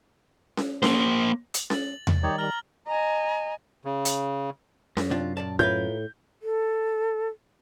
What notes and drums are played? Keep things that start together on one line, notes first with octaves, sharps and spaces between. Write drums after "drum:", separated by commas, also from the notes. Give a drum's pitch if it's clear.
drum: snare C#4
A#3 C5, drum: snare C#4
drum: hi-hat
A6 F#7, drum: snare C#4
drum: tom E2
D#3 G3 D#4 G4 C#5
A#5 F6 F#7
D#5 G#5 A#5
C#3
drum: hi-hat
F#2, drum: snare C#4
C3 D4 F4
A#2 D5 A5
A2 F4 A#4 B4 G6
A4